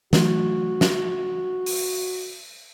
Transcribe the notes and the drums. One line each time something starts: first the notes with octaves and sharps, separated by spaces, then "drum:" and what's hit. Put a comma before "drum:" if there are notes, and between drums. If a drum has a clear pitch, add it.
E3 F#3 A3 F#4, drum: snare
drum: snare
drum: open hi-hat